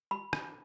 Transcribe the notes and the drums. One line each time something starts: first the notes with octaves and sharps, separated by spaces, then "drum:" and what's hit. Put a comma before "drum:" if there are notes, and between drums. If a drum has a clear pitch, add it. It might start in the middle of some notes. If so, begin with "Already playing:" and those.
B5
drum: rim click